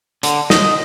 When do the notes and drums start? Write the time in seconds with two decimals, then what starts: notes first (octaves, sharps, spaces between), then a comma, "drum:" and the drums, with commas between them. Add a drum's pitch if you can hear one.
0.23 D3, drum: hi-hat
0.50 D#5, drum: snare